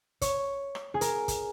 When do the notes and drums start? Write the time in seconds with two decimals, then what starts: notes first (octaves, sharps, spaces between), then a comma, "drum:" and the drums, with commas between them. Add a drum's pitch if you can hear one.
0.21 C#5, drum: kick, hi-hat
0.75 drum: rim click
0.94 G#4
1.01 A#4, drum: hi-hat
1.28 drum: kick, hi-hat